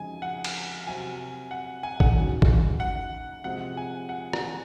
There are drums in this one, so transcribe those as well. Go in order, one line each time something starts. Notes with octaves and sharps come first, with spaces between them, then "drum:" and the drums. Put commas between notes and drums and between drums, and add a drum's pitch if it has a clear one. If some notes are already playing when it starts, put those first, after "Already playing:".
Already playing: F2 C#3 G#3 C4 D#4 G#5
F#5
drum: cymbal
C3 F#3 C4 F#4 G#5
F#5
G#5
F#5, drum: kick
G#2 D#3 F#3 C#4 F#4
drum: kick
F#5
C3 F3 G#3 C4 F#5
G#5
F#5
drum: rim click